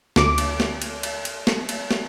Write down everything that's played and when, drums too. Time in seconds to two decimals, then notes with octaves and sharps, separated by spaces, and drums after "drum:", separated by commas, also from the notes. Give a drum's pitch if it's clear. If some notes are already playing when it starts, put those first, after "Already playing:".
0.16 D2 D6, drum: snare
0.38 drum: cymbal
0.60 drum: snare
0.82 drum: cymbal
1.03 drum: cymbal
1.25 drum: cymbal
1.47 drum: snare
1.69 drum: cymbal
1.91 drum: snare